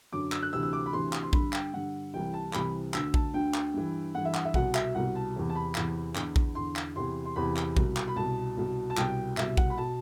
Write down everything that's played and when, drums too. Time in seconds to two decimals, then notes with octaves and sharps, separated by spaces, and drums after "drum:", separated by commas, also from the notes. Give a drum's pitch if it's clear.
0.12 F#2 D3 D6
0.32 E6, drum: clap
0.43 F#6
0.53 D2 C3 E3 E6
0.63 E6
0.73 D6
0.86 B5
0.93 D2 C3 E3 C6
1.13 drum: clap
1.23 C6
1.33 G2 D3 B5, drum: kick A#1
1.53 G5, drum: clap
1.74 G2 D3 F#5
2.14 C2 C3 E3 G5
2.33 A5
2.53 C2 C3 E3 B5, drum: clap
2.94 D2 D3 E6, drum: clap
3.14 A5, drum: kick A#1
3.34 D2 D3 G5
3.54 drum: clap
3.74 G2 E3
4.15 G2 E3 F#5
4.25 E5
4.35 F#5, drum: clap
4.45 E5
4.54 C2 B2 F#5, drum: kick A#1
4.75 E5, drum: clap
4.95 C2 B2 F#5
5.15 A5
5.36 E2 C3 E3
5.49 A5
5.55 B5
5.75 E2 C3 E3, drum: clap
6.15 E2 D3, drum: clap
6.36 drum: kick A#1
6.55 E2 D3 C6
6.76 drum: clap
6.96 E2 C3 E3 C6
7.26 C6
7.36 E2 C3 E3 B5
7.56 drum: clap
7.77 C2 B2, drum: kick A#1
7.97 drum: clap
8.08 B5
8.16 C2 B2 A5
8.57 C2 B2
8.90 A5
8.97 C2 B2 G5, drum: clap
9.37 C2 B2 E5, drum: clap
9.57 F#5, drum: kick A#1
9.70 B5
9.78 B2 A5